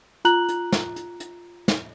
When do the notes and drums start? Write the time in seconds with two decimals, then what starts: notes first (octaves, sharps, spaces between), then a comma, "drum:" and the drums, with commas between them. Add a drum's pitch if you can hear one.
0.25 F4 A#5 F#6 F#7, drum: hi-hat
0.49 drum: hi-hat
0.72 drum: snare
0.96 drum: hi-hat
1.20 drum: hi-hat
1.68 drum: snare